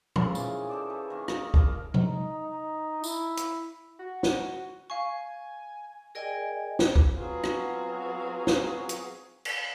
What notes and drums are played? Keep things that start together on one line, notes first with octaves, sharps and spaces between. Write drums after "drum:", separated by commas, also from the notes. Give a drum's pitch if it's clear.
C#3 C4 F4 C6, drum: tom
D#3 E3 G#4, drum: tambourine
A4 C5 D5
G#4 B4 C#6
D#3 A#3 G#4
drum: rim click
F3 A#4, drum: kick
D#4, drum: tom C3
E4, drum: tambourine
drum: hi-hat
F#4
drum: snare
F5 G#5 C#6
G#4 A#4 D5 D#5 G5 G#5
drum: snare
drum: kick
F#3 B3 C4 F4 F#4 G#4
drum: rim click
drum: snare
drum: hi-hat
drum: cymbal